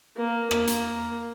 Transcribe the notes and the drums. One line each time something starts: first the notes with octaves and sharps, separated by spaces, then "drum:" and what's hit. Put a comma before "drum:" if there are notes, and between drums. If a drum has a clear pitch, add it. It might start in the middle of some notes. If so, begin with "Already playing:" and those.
A#3
A#3, drum: rim click
drum: hi-hat